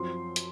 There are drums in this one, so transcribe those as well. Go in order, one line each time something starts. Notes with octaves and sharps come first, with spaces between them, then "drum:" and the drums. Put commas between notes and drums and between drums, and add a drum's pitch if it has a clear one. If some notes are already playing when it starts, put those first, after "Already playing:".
Already playing: F#2 F3 C4 C6
drum: hi-hat